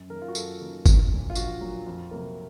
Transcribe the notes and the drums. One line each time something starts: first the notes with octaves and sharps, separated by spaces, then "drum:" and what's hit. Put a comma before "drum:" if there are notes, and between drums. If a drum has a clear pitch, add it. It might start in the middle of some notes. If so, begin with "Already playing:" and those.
Already playing: F#2
D#3 A#3 C#4 A#4
F4
F#4
F#2 A4, drum: tambourine
D#3 A#3 C#4
A#1, drum: kick G1, tambourine
A#2 F#3
F4
A#1 F#4, drum: tambourine
A#2 F#3
F2
C3 F#3 A#3